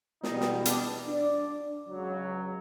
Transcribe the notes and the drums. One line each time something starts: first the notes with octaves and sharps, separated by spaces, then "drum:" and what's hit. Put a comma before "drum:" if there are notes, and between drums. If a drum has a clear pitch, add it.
E2 B2 G3 D#4 D#5, drum: snare
drum: snare
D4 D5, drum: hi-hat
D4 D5
C#2 C#3 F#3